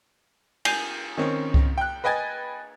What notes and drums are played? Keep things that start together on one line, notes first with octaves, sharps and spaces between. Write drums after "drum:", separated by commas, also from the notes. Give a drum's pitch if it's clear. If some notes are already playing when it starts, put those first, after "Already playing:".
G#5 G6 C7 D#7 F7, drum: cymbal
D#3 C4 C#4
drum: kick C2
G5 F#6
B4 D#5 G5 G#5 G#6 A6